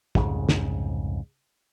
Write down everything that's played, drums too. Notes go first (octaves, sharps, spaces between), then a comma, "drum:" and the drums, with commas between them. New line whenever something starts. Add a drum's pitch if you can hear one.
C2 F2 G#2 C#3, drum: kick
drum: snare